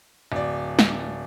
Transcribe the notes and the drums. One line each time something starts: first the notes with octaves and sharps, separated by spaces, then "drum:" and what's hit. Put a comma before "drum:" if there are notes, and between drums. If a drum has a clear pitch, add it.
D1 D5
drum: snare